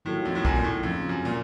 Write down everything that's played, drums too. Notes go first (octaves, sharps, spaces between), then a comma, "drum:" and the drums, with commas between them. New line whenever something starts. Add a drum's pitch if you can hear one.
A2 D#3 F#3 A#3 F4 A4
F2
A2
F#2, drum: kick B1
A#2
A2
F2 C#3 F3 A#3
F#2
A#2